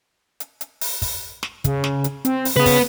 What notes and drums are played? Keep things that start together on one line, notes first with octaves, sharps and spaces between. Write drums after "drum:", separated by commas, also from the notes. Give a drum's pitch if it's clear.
drum: hi-hat
drum: hi-hat
drum: open hi-hat
drum: kick, open hi-hat
drum: snare
C#3, drum: kick, hi-hat
drum: snare
drum: hi-hat
C4, drum: hi-hat
drum: open hi-hat
C#3 B3 B4
drum: kick, open hi-hat